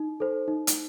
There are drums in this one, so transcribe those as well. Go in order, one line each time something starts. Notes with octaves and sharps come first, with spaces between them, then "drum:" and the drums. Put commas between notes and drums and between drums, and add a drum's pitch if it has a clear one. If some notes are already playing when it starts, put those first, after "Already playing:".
Already playing: D#4
A4 C5
D#4
drum: hi-hat